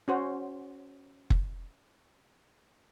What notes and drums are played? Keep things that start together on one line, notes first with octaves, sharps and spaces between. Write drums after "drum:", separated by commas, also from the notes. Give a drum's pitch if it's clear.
C#4 F#4 C5
drum: kick